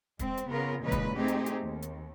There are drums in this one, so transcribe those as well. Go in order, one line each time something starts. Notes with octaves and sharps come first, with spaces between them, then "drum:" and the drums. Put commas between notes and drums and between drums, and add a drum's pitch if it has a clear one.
G#3 C4, drum: kick, hi-hat
drum: hi-hat
C#3 B3 F4 A#4
A#2 C#3 E3 G#3 D#4 B4
drum: kick, hi-hat
A3 C4 D#4 G4 G#4
drum: hi-hat
drum: hi-hat
D#2
drum: hi-hat